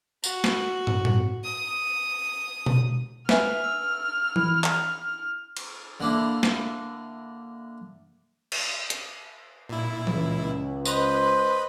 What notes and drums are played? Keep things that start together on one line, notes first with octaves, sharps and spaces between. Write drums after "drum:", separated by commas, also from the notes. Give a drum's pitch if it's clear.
F#4, drum: tambourine
drum: snare
drum: tom
drum: tom A2
D#6
drum: tom B2
B4 E5 G#5 F6, drum: snare
E6
E4, drum: tom E3
drum: clap
drum: cymbal
D3 A#3 D4 E4
drum: snare
drum: cymbal
drum: hi-hat
A#2 E4
C#2, drum: tom E3
B4 C5 D#5 B5, drum: tambourine